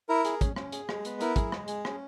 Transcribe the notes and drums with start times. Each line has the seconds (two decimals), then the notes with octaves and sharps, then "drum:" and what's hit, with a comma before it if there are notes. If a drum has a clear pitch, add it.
0.09 E4 A#4
0.25 G#4, drum: hi-hat
0.41 C#4, drum: kick, hi-hat
0.56 C#4, drum: rim click
0.72 G#4, drum: hi-hat
0.89 G#3, drum: rim click
1.05 B3, drum: hi-hat
1.21 E4 A#4, drum: hi-hat
1.36 G#4, drum: kick, hi-hat
1.52 G#3, drum: rim click
1.68 G#4, drum: hi-hat
1.85 C#4, drum: rim click